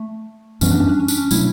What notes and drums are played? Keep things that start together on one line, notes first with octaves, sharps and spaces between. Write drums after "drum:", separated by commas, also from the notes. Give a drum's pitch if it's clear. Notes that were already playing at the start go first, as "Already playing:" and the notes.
Already playing: A3
F#2 E3 G3 B3 C#4, drum: tambourine
D4
C#4
D4
C#4
D4, drum: tambourine
C#4
B2 F#3 A3 E4, drum: tambourine